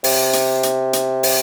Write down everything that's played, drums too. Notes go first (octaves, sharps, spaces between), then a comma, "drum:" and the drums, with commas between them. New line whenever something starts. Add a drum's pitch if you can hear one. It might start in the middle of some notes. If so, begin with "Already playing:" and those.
C3, drum: open hi-hat
drum: hi-hat
drum: hi-hat
drum: hi-hat
drum: open hi-hat